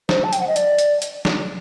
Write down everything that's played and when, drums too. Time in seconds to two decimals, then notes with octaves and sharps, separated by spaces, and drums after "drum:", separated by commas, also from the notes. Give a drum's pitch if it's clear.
0.09 C5, drum: snare
0.24 A5
0.33 G5, drum: hi-hat
0.40 F#5
0.48 D#5
0.56 D5, drum: hi-hat
0.79 drum: hi-hat
1.02 drum: hi-hat
1.25 drum: snare